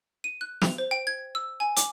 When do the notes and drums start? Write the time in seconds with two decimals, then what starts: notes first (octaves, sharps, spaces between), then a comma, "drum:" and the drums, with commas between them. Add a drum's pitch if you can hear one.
0.24 D#7
0.41 F#6
0.62 F7, drum: snare
0.78 C5
0.91 G5
1.07 G#6
1.35 E6
1.60 G#5
1.77 D6, drum: hi-hat